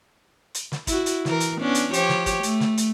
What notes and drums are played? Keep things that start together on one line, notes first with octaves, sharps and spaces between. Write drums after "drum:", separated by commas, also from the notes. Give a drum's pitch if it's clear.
drum: hi-hat
drum: snare
E4 F#4, drum: kick, hi-hat
drum: hi-hat
E3 A#4, drum: snare
drum: hi-hat
B3 C#4 D4
drum: hi-hat
F3 G4 C#5, drum: hi-hat
drum: snare
drum: kick, hi-hat
A3, drum: hi-hat
drum: snare
drum: hi-hat